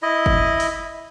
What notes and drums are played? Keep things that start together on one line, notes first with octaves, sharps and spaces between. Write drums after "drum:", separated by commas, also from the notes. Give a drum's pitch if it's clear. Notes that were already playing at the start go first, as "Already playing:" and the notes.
E4 D#5
drum: kick F#1
drum: open hi-hat